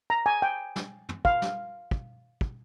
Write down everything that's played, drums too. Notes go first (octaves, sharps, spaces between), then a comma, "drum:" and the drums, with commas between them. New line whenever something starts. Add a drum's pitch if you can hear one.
A#5
G#5
G5
drum: snare
drum: tom
F5, drum: kick
drum: snare
drum: kick
drum: kick